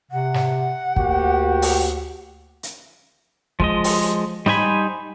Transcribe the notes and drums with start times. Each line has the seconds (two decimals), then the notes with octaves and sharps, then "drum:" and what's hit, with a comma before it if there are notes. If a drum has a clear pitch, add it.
0.12 C3 F#5
0.34 drum: snare
0.96 D2 A#3 F#4 G4, drum: kick
1.62 drum: open hi-hat
2.63 drum: hi-hat
3.60 F3 G#3 D#5, drum: kick
3.84 drum: open hi-hat
4.46 G3 D#4 C5 G#5 B5, drum: snare